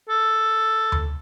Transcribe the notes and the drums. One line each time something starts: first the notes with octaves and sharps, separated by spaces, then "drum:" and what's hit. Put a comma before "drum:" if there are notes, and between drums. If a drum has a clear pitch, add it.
A4
drum: tom D2